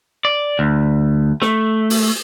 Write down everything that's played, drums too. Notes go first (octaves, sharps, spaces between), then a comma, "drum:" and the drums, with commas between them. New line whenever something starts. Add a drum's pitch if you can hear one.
D5
D2
A3, drum: snare
drum: open hi-hat